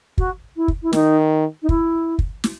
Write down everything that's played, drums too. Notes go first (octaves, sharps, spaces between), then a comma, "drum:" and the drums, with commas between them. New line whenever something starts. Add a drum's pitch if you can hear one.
F#4, drum: kick
E4
drum: kick
E4
D#3 D#4, drum: snare
D#4
E4, drum: kick
drum: kick
drum: snare